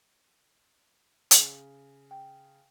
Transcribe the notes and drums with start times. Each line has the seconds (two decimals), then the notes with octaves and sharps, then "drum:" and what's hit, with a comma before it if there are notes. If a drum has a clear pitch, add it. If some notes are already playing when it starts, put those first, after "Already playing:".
1.31 C#3, drum: hi-hat
2.11 G5